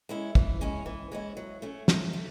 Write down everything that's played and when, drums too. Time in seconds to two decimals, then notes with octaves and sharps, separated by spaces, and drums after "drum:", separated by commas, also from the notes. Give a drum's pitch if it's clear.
0.09 G#3 C#4 E4
0.35 E3, drum: kick
0.61 G#3 C#4 E4
0.86 E3
1.12 G#3 C#4 E4
1.37 F#3
1.62 A3 C#4
1.88 F#3, drum: snare
2.13 A3